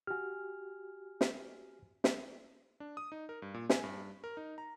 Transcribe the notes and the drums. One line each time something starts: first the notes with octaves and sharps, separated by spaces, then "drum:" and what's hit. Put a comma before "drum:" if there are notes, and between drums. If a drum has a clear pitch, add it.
F#4 G4 G#5 F6
drum: snare
drum: snare
D4
D#6
D#4
A#4
G2
A#2
G#5, drum: snare
G2
A#4
D#4
A#5